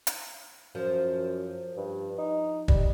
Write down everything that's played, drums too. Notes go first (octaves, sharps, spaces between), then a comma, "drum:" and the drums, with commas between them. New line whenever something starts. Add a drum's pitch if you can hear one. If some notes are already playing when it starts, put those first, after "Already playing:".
drum: hi-hat
F#2 F3
G2
D#4
G3, drum: kick